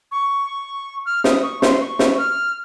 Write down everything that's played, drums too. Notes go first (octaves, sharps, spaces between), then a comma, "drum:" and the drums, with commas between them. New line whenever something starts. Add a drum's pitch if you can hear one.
C#6
F6
D#6, drum: snare
C#6
C6, drum: snare
C#6
drum: snare
F6